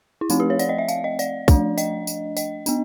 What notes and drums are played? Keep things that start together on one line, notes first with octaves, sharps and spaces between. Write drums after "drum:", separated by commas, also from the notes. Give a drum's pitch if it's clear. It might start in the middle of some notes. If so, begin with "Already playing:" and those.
E4
F3 A3 C4 D#4, drum: tambourine
G4
C#5
D5, drum: tambourine
D#5
E5
F5, drum: tambourine
D#5
D5, drum: tambourine
F3 A3 D4, drum: kick, tambourine
D#5, drum: tambourine
drum: tambourine
D#5, drum: tambourine
B3 D4, drum: tambourine